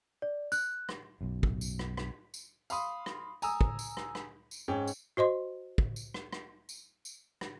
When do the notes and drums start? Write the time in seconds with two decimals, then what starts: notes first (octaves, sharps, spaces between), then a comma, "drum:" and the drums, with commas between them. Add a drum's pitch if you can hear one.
0.22 D5
0.52 F#6, drum: tambourine
0.89 drum: rim click
1.21 B1 F#2
1.43 drum: kick
1.61 drum: tambourine
1.79 drum: rim click
1.97 drum: rim click
2.34 drum: tambourine
2.70 F5 B5 C6 D#6, drum: tambourine
3.06 drum: rim click
3.42 G#5 A#5 D#6 E6, drum: tambourine
3.61 drum: kick
3.79 drum: tambourine
3.97 drum: rim click
4.15 drum: rim click
4.51 drum: tambourine
4.68 G#2 C#4 G5
4.88 drum: tambourine
5.17 F#4 C5 D#5 C6
5.78 drum: kick
5.96 drum: tambourine
6.14 drum: rim click
6.33 drum: rim click
6.69 drum: tambourine
7.05 drum: tambourine
7.41 drum: rim click